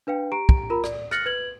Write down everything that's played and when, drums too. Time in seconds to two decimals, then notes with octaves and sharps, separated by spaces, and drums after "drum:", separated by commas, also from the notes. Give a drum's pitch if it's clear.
0.07 D4 B4 F5 G5
0.32 G4 A#5 D7
0.49 drum: kick
0.70 F4 A#4 A#5 B5
0.84 D5, drum: rim click
1.11 F6 F#6 A6 A#6 C#7 F#7, drum: rim click
1.26 B4 G#6 F#7